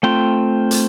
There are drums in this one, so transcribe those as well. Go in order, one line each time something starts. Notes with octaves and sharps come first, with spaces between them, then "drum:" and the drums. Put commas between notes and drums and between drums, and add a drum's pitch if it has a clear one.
A3 C4 F4 G5
drum: hi-hat